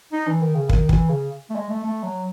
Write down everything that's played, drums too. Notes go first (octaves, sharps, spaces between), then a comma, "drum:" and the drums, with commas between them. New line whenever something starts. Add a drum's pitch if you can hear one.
D#4
E3
D#3
C#3
D#3, drum: kick
E3, drum: kick
C#3
A3
G#3
A3
A3
F#3